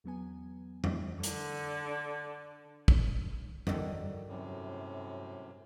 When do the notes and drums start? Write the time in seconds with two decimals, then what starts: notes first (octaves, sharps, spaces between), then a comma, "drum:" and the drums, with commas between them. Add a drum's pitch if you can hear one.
0.04 E2 F#3 B3 G#5
0.84 drum: tom F2
1.23 D3, drum: hi-hat
2.88 drum: kick
3.67 G2 D3 D#3 F#3, drum: tom F2
4.29 F#2 A2 C3